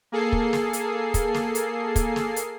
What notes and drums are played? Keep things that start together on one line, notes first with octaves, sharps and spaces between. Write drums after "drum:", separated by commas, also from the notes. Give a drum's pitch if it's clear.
A#3 G#4 A4 C7
drum: kick
drum: snare
drum: hi-hat
drum: kick, hi-hat
drum: snare
drum: hi-hat
drum: kick, hi-hat
drum: snare
drum: hi-hat